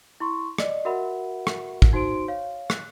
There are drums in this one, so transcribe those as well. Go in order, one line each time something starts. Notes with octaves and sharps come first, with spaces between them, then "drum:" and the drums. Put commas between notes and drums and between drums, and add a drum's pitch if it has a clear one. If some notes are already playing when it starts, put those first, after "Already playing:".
E4 C6 C#6
D5 D#5, drum: rim click
F#4 A#4 E5 F#5 B5
drum: rim click
drum: kick
D#4 F#4 C5 C6 D7
C#5 F5
F#6, drum: rim click